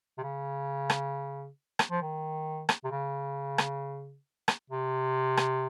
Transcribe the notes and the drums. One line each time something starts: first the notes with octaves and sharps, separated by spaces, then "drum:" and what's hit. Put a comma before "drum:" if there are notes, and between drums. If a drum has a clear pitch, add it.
C3
C#3
drum: rim click
drum: rim click
F3
D#3
drum: rim click
C3
C#3
drum: rim click
drum: rim click
C3
drum: rim click